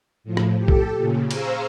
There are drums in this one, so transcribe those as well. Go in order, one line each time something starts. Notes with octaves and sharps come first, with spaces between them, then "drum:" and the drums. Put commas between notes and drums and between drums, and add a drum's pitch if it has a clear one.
A2 F3
drum: rim click
G4 A4
drum: kick B1
A#2 C#3
G#4 C5 F5 A#5 C#6 E6, drum: cymbal